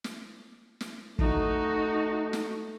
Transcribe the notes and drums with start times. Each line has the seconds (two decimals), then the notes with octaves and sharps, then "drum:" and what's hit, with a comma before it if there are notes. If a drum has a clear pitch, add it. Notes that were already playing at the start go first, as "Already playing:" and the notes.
0.04 drum: snare
0.81 drum: snare
1.19 A3 D#4 F#4, drum: kick
2.33 drum: snare